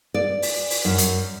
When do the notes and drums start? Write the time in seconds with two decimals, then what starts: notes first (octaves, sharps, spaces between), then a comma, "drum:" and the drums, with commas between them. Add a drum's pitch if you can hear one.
0.14 D5
0.42 drum: open hi-hat
0.70 drum: open hi-hat
0.85 F#2
0.98 drum: hi-hat